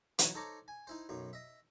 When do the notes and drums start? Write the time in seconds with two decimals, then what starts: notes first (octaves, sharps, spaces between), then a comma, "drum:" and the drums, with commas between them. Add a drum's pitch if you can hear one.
0.19 E3 F#3 D#4 B4 C#5, drum: hi-hat
0.35 D#4 A4 C5 C#5 A#5 D6
0.68 G#5
0.87 D#4 E4 C5
1.09 B1 F#2 D#4
1.33 D#5 E5